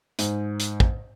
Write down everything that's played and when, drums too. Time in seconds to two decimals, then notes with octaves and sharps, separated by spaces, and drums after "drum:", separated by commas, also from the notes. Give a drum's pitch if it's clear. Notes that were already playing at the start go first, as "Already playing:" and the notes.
0.19 G#2, drum: hi-hat
0.60 drum: hi-hat
0.80 drum: kick